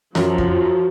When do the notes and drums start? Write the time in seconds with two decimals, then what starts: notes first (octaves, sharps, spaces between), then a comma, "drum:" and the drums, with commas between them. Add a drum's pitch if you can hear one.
0.15 F#2 F3 F#3, drum: snare
0.38 drum: kick F2